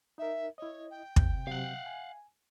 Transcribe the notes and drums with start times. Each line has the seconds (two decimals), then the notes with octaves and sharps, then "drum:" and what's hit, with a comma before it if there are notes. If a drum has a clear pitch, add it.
0.18 D#4 A#4 E5
0.58 E4 C#5 D#5
0.90 G5
1.16 C3 G6, drum: kick
1.47 C3 F#3 F5 F#5
1.86 G#5